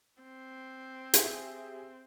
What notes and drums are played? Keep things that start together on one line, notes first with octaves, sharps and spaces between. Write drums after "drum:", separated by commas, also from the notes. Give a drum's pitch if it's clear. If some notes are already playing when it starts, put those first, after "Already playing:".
C4
G4 G#4 E5, drum: hi-hat